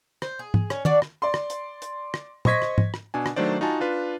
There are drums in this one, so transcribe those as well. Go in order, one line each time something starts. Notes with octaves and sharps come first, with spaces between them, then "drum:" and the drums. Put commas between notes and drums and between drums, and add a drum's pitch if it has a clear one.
C5, drum: rim click
G#4
drum: tom G#2
C#4, drum: rim click
D4 F#4 D5, drum: tom
drum: rim click
D5 C6
drum: rim click
drum: hi-hat
drum: hi-hat
drum: rim click
C5 D#5 C#6 G#6 B6, drum: tom
drum: rim click
drum: tom G#2
drum: rim click
B2 D4 G#5
drum: rim click
D#3 F#3 A3 D4 C5 D5
D#4 F4 F#4 G#5 A5
D4 F4 B4